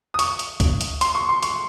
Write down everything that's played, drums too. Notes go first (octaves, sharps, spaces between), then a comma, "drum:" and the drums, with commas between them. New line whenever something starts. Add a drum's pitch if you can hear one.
D#6
C#6, drum: hi-hat
drum: hi-hat
drum: kick C#2, hi-hat
drum: hi-hat
C6, drum: hi-hat
C#6
C6
C#6, drum: hi-hat